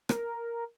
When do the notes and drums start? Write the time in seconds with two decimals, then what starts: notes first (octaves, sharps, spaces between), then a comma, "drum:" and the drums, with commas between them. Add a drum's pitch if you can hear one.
0.09 A#4, drum: rim click